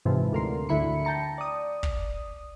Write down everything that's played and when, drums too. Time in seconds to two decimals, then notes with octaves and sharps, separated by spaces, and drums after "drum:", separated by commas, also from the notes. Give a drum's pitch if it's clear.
0.05 G#2 C3 E3 F3
0.33 D2 A#4 C6
0.69 D2 D3 E4 B5 C#7
1.05 G5 A5 A#5 C#7
1.38 D5 D#6
1.83 drum: kick